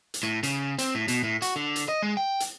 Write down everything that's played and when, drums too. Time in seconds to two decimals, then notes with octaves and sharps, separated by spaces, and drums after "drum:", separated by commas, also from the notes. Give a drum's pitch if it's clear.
0.14 drum: hi-hat
0.23 A2
0.43 C#3, drum: hi-hat
0.79 C4, drum: hi-hat
0.95 A2
1.08 B2, drum: hi-hat
1.24 A2
1.42 F#4, drum: hi-hat
1.56 D3
1.76 drum: hi-hat
1.89 D#5
2.02 G#3
2.17 G5
2.40 drum: hi-hat